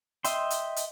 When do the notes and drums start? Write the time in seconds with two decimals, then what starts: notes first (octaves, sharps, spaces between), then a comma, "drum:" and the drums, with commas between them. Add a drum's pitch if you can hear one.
0.24 D#5 E5 G5 C6, drum: hi-hat
0.50 drum: hi-hat
0.76 drum: hi-hat